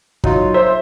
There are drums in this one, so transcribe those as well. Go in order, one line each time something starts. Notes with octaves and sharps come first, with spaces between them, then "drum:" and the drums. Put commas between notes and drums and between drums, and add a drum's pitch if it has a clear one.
F#3 D#4 F4, drum: kick
C5 E5